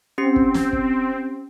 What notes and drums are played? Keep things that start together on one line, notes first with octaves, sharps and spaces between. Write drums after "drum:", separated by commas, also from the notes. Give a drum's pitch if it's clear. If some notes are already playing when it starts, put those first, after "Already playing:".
C4 C#4 G4 C7
drum: kick
drum: snare
drum: kick